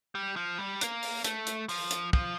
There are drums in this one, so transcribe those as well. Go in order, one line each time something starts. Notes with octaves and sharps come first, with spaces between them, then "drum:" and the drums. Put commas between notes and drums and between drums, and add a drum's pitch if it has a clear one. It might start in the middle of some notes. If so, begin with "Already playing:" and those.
G3
F3
G3
A#3, drum: hi-hat
drum: open hi-hat
A3, drum: hi-hat
drum: hi-hat
F3, drum: open hi-hat
drum: hi-hat
F3, drum: kick